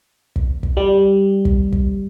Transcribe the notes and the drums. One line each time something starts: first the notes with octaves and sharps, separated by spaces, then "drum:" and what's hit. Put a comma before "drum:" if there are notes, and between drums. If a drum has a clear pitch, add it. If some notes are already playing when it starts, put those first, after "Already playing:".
drum: kick
drum: kick
G3
drum: kick
drum: kick